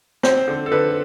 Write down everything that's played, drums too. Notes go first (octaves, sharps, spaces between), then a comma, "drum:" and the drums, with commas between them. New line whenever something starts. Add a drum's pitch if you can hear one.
C4 C5, drum: rim click
D3
A4
D3 B4